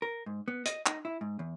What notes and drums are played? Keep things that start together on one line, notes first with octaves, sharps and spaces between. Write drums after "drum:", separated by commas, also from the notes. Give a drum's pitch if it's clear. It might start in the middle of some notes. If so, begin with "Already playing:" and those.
A#4
G#2
B3
D#5, drum: hi-hat
D#4, drum: clap
E4
G#2
E2